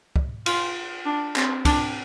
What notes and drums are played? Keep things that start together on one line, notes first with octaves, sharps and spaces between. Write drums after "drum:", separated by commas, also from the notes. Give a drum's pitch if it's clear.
drum: kick
F4, drum: cymbal
D4
C4, drum: clap
D4, drum: kick, cymbal